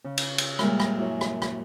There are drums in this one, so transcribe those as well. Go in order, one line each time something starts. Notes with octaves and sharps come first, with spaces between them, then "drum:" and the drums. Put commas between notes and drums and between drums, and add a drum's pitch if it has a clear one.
C#3
drum: cymbal
drum: cymbal
A#2 G3 G#3 A#4 E5 F6, drum: rim click
drum: rim click
F#2 E4 A#4 C#5
drum: rim click
drum: rim click